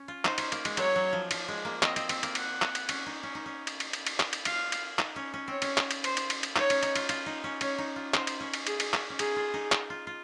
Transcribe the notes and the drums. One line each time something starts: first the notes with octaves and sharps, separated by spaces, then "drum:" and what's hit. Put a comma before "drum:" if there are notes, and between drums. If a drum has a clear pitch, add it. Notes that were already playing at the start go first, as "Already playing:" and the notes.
Already playing: C#4
F4
D#4 C5, drum: clap
C#4, drum: cymbal
A#3, drum: cymbal
G#3, drum: cymbal
F#3 C#5, drum: cymbal
F#3
F3
F3, drum: cymbal
G#3
A#3
C4 D#5, drum: clap
C4, drum: cymbal
C4, drum: cymbal
A#3, drum: cymbal
F#5, drum: cymbal
drum: clap
drum: cymbal
C#4, drum: cymbal
D#4
C#4
D#4
C#4
drum: cymbal
drum: cymbal
drum: cymbal
drum: cymbal
drum: clap
drum: cymbal
F4 F5, drum: cymbal
drum: cymbal
D#4, drum: clap
C#4
C#4
C4 C#5
C#4, drum: cymbal
drum: clap
drum: cymbal
C5, drum: cymbal
drum: cymbal
drum: cymbal
drum: cymbal
D#4 C#5, drum: clap
C#4, drum: cymbal
D#4, drum: cymbal
F4, drum: cymbal
F4, drum: cymbal
D#4
C#4
C#4 C#5, drum: cymbal
D#4
F4
D#4 C5, drum: clap
drum: cymbal
C#4
drum: cymbal
G#4, drum: cymbal
drum: cymbal
C#4, drum: clap
C#4
D#4 G#4, drum: cymbal
F4
D#4
drum: clap
F4
F4